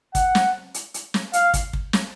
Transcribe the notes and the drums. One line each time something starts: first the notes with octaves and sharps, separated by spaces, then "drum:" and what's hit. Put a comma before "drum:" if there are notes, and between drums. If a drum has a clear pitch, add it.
F#5, drum: kick, hi-hat
drum: snare
drum: hi-hat
drum: hi-hat
drum: snare
F5, drum: hi-hat
drum: kick, hi-hat
drum: kick
drum: snare